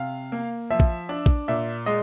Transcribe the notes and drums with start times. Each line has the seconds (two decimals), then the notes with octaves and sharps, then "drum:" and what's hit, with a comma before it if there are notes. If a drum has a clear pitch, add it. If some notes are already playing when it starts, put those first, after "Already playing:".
Already playing: C3 F5
0.32 A#3
0.70 F3 E5
0.80 drum: kick
1.09 D4
1.26 drum: kick
1.48 A#2 E5
1.86 G#3 D#5